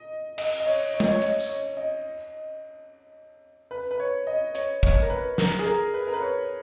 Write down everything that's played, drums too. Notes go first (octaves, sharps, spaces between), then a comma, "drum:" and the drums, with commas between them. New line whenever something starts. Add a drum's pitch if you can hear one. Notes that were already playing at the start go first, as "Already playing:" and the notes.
Already playing: D#5
D#5, drum: cymbal
D#5
C#5
C#5
D#5, drum: tom G#3
C#5
D#5, drum: hi-hat
drum: tambourine
C#5
D#5
B4
B4
C#5
D#5
C#5, drum: hi-hat
C#5, drum: kick
A#4
B4
A#4, drum: snare
G#4
A#4
B4
A#4
B4
C#5